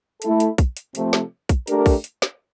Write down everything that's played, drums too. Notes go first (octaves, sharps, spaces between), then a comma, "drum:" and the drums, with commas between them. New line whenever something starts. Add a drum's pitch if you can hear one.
A3 E4 A4, drum: hi-hat
drum: hi-hat
drum: kick, hi-hat
drum: hi-hat
C3 F3 A3, drum: hi-hat
drum: snare
drum: kick, hi-hat
A3 D4 G4 A#4, drum: hi-hat
drum: kick, open hi-hat
drum: hi-hat
drum: snare